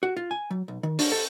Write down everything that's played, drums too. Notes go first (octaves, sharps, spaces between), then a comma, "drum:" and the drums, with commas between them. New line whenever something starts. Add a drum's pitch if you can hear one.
F#4
F4
G#5
F#3
B1
D#3
D4, drum: open hi-hat
A4